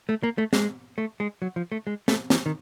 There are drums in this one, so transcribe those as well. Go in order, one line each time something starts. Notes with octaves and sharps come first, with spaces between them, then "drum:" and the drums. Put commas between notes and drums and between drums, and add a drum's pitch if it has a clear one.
A3
A#3
A3
G#3, drum: snare
A3
G#3
F#3
F3
A3
G#3
A3, drum: snare
E3, drum: snare
D#3